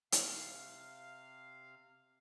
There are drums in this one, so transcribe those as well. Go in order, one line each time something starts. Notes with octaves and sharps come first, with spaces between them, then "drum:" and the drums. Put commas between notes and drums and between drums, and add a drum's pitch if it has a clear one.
C3 F5, drum: hi-hat